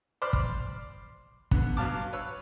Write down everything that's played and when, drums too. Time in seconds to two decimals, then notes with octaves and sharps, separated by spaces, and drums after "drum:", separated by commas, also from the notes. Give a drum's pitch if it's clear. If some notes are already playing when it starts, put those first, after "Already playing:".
0.22 C5 D5 B5 D6 F6
0.33 drum: kick
1.51 D3 B3, drum: kick
1.77 G2 F#3 F5 A5 D6
2.13 B4 C#5 E6